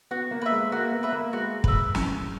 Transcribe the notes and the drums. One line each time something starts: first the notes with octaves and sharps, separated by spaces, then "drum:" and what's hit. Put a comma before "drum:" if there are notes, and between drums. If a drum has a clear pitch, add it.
B3 F#4
A#3
B4 E5
G#3
A#3 F#4
B3
B4 E5
A#3
G#3 F#4
B4 E5, drum: kick
C#4, drum: snare